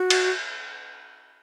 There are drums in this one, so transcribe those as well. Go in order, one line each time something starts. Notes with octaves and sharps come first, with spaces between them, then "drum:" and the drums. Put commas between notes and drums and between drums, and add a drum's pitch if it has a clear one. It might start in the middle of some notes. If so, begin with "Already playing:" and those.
Already playing: F#4
drum: cymbal